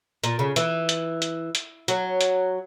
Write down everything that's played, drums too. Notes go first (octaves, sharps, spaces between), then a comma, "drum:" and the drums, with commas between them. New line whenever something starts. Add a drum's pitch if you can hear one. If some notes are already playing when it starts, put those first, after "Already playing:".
A#2, drum: hi-hat
C#3
E3, drum: hi-hat
drum: hi-hat
drum: hi-hat
drum: hi-hat
F#3, drum: hi-hat
drum: hi-hat